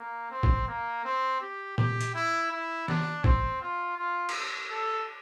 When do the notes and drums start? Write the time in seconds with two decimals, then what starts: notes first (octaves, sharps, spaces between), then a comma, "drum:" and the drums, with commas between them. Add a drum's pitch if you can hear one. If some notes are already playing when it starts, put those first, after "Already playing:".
Already playing: A#3
0.31 C4
0.43 drum: kick
0.68 A#3
1.04 C4
1.41 G4
1.78 G4, drum: tom
2.01 drum: hi-hat
2.14 E4
2.51 E4
2.88 D4, drum: snare
3.24 C4, drum: kick
3.61 F4
3.97 F4
4.29 drum: cymbal
4.71 A4